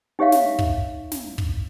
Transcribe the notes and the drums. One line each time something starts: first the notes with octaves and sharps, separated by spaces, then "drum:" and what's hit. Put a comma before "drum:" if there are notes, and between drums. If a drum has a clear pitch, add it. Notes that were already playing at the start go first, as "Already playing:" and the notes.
D#4 G4 C#5 E5 F5
drum: snare
drum: kick
drum: snare
drum: kick